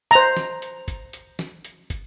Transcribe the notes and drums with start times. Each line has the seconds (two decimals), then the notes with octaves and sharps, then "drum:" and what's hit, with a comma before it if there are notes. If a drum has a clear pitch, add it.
0.11 C5 A#5
0.37 drum: snare
0.62 drum: hi-hat
0.88 drum: kick, hi-hat
1.13 drum: hi-hat
1.39 drum: snare
1.65 drum: hi-hat
1.90 drum: kick, hi-hat